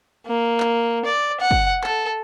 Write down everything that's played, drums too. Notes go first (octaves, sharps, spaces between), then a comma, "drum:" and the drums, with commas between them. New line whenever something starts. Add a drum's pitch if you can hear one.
A#3
drum: clap
D5
F#5
drum: kick
A4, drum: clap